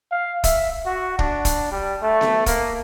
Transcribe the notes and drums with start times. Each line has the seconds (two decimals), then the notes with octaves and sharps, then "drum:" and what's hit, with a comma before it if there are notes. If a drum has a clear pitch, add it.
0.11 F5
0.44 E5, drum: kick, hi-hat
0.86 F#4
1.19 D4, drum: kick
1.45 drum: kick, hi-hat
1.72 G3
2.02 A3
2.21 drum: snare B3
2.46 A#3, drum: kick, hi-hat